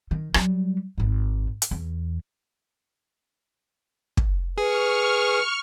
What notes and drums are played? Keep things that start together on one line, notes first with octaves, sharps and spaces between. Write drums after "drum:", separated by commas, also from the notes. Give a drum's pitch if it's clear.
D#3
F#3 G3, drum: rim click
G#1 G#2
drum: hi-hat
E2
drum: kick
G#4 B4 C#6 F6